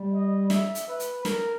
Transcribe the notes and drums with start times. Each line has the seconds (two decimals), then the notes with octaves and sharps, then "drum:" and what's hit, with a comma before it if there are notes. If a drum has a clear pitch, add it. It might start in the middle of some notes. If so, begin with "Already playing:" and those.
Already playing: G3
0.13 D#5
0.50 E5, drum: snare
0.75 drum: hi-hat
0.88 B4
1.00 drum: hi-hat
1.25 A#4, drum: snare